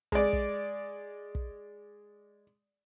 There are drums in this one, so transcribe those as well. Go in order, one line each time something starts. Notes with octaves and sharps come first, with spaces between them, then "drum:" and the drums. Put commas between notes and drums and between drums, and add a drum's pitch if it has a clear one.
G#3 D5, drum: kick
drum: kick
drum: kick